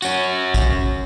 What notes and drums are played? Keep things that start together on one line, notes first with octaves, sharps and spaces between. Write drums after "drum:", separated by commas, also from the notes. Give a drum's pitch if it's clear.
C#4 F#4, drum: tambourine
drum: kick, tambourine